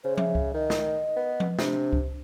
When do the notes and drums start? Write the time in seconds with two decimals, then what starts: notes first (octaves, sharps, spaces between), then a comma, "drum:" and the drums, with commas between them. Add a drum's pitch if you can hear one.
0.04 C#3 C5
0.18 E5, drum: tom F3
0.35 drum: kick C#2
0.54 D#3 D#5
0.70 drum: snare
1.16 B3
1.40 drum: tom F3
1.59 C3 D4, drum: snare
1.93 drum: kick C#2